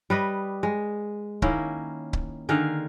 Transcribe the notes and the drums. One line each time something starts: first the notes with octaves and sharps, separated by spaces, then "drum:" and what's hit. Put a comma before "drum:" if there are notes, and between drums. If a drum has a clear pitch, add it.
G3 B4 D#5
G#3
D#3 A#3 C#4 E4, drum: kick C#1
drum: kick C#1
D3 D#3 G#4 F5